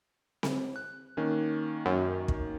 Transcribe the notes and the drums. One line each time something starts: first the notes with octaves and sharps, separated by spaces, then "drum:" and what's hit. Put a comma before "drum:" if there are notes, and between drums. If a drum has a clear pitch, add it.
drum: snare C4
F#6
D#3 A#3 C#4
F#2
drum: kick